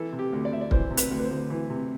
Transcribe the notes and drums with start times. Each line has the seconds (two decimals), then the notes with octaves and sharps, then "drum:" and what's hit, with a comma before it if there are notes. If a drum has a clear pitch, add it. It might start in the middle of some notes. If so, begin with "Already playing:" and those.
Already playing: E3 A4
0.12 C3
0.19 G4
0.33 D2
0.45 D5
0.52 D2 E5
0.61 D5
0.71 E3 C5, drum: kick
0.90 C3
0.97 B4, drum: hi-hat
1.11 D2
1.19 B4
1.24 C5
1.31 D2
1.50 E3
1.70 C3